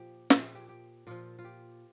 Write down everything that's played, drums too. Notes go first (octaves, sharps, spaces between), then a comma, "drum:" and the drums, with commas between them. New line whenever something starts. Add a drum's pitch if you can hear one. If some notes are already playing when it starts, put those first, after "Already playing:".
Already playing: A#2 F3 G4
A#2 F3 G4, drum: snare
G#4
G4
G4
A#2 F3 F4
F4
G4